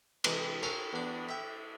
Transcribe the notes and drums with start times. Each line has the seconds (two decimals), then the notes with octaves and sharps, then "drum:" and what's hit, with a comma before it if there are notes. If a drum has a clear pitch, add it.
0.24 C3 E3 G#3 D#5, drum: cymbal
0.63 A4 A#4 C5 C#5 F5 G#5
0.93 E2 D4
1.29 E5 G5